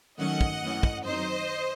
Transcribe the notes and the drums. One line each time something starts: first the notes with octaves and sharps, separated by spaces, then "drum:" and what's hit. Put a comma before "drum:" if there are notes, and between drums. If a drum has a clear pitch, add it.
D#3 F#3 A3 C#4 D#5 F#5
drum: kick
F#2 E3 A3 C#4
drum: kick
F#2 D#3 F#3 C4 D#4 C5 D#5